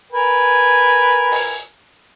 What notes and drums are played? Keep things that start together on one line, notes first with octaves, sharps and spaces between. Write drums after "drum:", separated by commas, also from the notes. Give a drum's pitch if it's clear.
A#4 B4 G#5
drum: open hi-hat